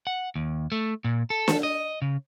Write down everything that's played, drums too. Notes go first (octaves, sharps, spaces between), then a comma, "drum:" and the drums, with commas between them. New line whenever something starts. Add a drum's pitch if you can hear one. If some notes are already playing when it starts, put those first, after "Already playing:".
F#5
D#2
A3
A#2
A4
drum: snare
D#5
C#3